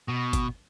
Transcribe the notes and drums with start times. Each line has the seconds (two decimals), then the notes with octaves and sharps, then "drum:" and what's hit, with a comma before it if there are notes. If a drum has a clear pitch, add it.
0.09 B2
0.33 drum: kick G1, hi-hat